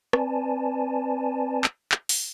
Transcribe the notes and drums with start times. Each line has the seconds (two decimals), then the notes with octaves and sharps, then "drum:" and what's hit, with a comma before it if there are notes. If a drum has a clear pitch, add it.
0.13 C4 B4 D5 G#5 A5, drum: rim click
1.64 drum: clap
1.92 drum: clap
2.09 drum: open hi-hat